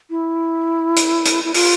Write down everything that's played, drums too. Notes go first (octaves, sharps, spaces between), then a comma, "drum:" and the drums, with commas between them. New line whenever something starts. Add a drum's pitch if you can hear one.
E4
drum: hi-hat
drum: hi-hat
E4
F4, drum: open hi-hat